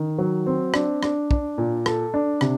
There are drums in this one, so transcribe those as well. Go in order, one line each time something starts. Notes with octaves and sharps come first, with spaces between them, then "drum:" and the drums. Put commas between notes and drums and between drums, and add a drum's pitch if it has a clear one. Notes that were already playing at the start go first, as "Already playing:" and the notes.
Already playing: D#3
F#3
C4
D4, drum: rim click
D4, drum: rim click
D4, drum: kick
A#2
A4, drum: rim click
D4
C3, drum: rim click